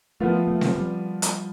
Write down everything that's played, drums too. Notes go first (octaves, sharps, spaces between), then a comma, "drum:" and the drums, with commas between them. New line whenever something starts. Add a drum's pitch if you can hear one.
F3 A3 B3 F4
A3
drum: snare C4
G3
drum: hi-hat